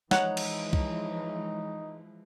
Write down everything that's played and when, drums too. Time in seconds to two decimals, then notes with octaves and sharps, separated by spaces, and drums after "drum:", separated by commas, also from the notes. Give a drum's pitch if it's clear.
0.11 E3 F3 G#3 D#4 C#5 F#5 A#5, drum: snare
0.37 drum: cymbal
0.73 drum: kick C2